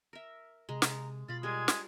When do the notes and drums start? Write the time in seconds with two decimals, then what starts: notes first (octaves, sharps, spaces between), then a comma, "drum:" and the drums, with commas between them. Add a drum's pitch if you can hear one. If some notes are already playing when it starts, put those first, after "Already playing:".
0.13 A#4 E5
0.69 C3 G#3 A#5
0.82 drum: snare
1.28 B2 F4 B5 A6
1.43 G3 G#3 G#4 A#4 G#6
1.68 drum: snare